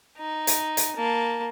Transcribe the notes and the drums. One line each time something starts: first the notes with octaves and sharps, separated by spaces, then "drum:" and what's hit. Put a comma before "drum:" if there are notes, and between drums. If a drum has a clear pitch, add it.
D#4
drum: hi-hat
drum: hi-hat
A#3 A5